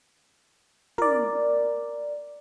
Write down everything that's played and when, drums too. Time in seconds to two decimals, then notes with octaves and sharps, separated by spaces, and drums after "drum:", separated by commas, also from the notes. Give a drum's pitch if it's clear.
0.98 A#4 D5, drum: tom